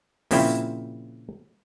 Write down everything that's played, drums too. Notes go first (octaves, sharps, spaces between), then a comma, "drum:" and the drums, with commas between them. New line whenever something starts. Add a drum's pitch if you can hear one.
A#2 C#3 F3 C4 E4, drum: open hi-hat